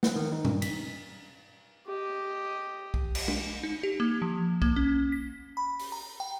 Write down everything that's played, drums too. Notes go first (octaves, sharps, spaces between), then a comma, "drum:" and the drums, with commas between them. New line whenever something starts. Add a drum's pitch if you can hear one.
F#5, drum: snare
D#3
D#4
G2, drum: tom
B6, drum: cymbal
G4 D#5
drum: kick B1
drum: cymbal
drum: tom G#3
D#4
G4
A#3
F3
A#3, drum: kick B1
C#4
B6
B5
drum: open hi-hat
A#5
G5